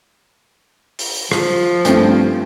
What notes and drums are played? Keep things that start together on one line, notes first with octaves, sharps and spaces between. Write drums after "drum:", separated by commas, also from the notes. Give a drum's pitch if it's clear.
drum: open hi-hat
F3, drum: rim click
G2 A3 C4, drum: hi-hat